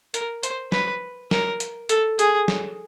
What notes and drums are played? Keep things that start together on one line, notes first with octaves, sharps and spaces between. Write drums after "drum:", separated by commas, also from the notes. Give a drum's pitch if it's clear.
A#4, drum: hi-hat
C5, drum: hi-hat
B4, drum: snare
A#4, drum: snare
drum: hi-hat
A4, drum: hi-hat
G#4, drum: hi-hat
drum: snare